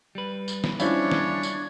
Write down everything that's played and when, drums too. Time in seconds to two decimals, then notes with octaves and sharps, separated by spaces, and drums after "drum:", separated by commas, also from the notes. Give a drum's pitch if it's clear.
0.15 G3 B4
0.48 drum: tambourine
0.64 drum: snare
0.80 F3 G3 C#4 D4 E4 C#5, drum: tambourine
1.11 drum: snare
1.43 drum: tambourine